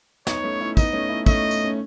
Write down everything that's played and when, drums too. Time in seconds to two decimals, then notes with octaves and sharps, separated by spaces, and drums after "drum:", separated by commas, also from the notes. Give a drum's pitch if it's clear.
0.27 B3 D#4 C#5, drum: snare
0.43 A3 C#4
0.61 C#4 E4
0.77 B3 D#4 D#5, drum: kick, tambourine
0.93 A3 C#4
1.09 C#4 E4
1.26 A3 C#4 D#5, drum: kick, tambourine
1.51 drum: tambourine
1.64 C#4